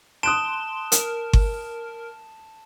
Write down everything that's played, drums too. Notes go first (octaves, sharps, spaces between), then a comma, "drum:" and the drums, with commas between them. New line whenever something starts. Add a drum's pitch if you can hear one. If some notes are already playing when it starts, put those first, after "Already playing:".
A5 C6 D#6 F#6 D7 E7
A#4, drum: hi-hat
drum: kick G1